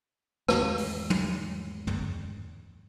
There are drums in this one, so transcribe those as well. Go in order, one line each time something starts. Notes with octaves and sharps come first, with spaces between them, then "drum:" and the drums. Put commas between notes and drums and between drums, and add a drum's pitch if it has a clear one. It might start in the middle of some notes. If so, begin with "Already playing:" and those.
E2 G#2 D#3 A3, drum: rim click
drum: open hi-hat
drum: tom
drum: tom